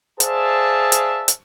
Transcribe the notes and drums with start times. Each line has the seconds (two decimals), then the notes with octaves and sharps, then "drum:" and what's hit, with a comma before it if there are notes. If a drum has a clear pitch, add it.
0.20 G#4 C5 D5 E5 F5 A5, drum: hi-hat
0.92 drum: hi-hat
1.28 drum: hi-hat